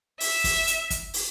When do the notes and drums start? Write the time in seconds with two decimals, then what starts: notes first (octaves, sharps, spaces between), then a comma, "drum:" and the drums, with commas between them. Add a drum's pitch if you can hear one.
0.20 E5, drum: open hi-hat
0.44 drum: kick, open hi-hat
0.67 drum: hi-hat
0.90 drum: kick, hi-hat
1.14 drum: open hi-hat